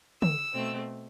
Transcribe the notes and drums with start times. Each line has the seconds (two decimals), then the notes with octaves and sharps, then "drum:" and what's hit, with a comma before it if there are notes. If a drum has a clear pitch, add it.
0.22 E6, drum: tom
0.54 B2 A3 C4